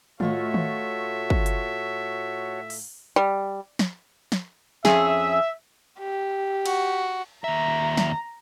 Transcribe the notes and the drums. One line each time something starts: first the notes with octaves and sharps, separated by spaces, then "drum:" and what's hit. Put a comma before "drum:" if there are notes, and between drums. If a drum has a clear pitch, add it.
A2 A3 F4 F#4 A4 C#5 D#5 E5, drum: tom D#3
drum: tom D#3
drum: kick
drum: hi-hat
drum: open hi-hat
G3
drum: snare
drum: snare
F2 C#4 G#4 E5, drum: snare
G4
F#4, drum: cymbal
D#2 E5 A#5
drum: snare